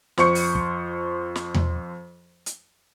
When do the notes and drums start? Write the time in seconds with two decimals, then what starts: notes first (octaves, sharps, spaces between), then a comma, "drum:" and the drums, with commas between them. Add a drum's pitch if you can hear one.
0.18 F2 C5 C#6 C#7, drum: snare
0.35 drum: open hi-hat
0.55 drum: kick
1.36 drum: snare
1.54 drum: tom E2
2.46 drum: hi-hat